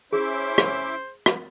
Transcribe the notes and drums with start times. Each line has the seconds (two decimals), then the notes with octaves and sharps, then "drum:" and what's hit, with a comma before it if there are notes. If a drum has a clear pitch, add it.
0.13 C#4 E4 G#4 C5 E5 D6
0.58 drum: rim click
1.26 drum: rim click